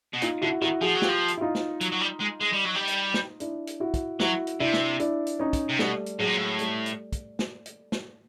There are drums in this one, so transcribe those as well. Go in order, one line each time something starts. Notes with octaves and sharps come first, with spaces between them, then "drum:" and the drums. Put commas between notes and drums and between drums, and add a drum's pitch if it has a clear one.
B2
A#2 D#4 F4, drum: hi-hat
D3 E4 F#4
D#3 E4 F#4
F3 F#4 G#4
F#3
F4 G4, drum: snare
F3
drum: hi-hat
E4
D#4 F4
drum: snare
F#3, drum: hi-hat
F#3
G3
G#3
G#3
G3
F#3
G3
drum: hi-hat
drum: snare
D4 E4, drum: hi-hat
drum: hi-hat
E4 F#4
drum: kick, hi-hat
F#3 E4 F#4, drum: snare
drum: hi-hat
C3 D4 E4
drum: snare
D4 E4, drum: hi-hat
drum: hi-hat
C#4 D#4
drum: kick, hi-hat
C3
B2 G3 A3, drum: snare
drum: hi-hat
A2 F#3 G#3
A#2
A2
G3 A3, drum: hi-hat
drum: hi-hat
drum: kick, hi-hat
drum: snare
drum: hi-hat
drum: snare